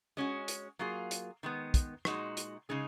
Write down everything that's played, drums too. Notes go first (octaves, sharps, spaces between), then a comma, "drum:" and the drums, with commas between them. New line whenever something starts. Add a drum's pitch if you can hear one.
G#3 C#4 F#4
drum: hi-hat
F#3 A#3 F4 G#4
drum: hi-hat
D#3 G#3 B3
drum: kick, hi-hat
A#2 G#3 D#4 F#4, drum: rim click
drum: hi-hat
C#3 G#3 D#4 G#4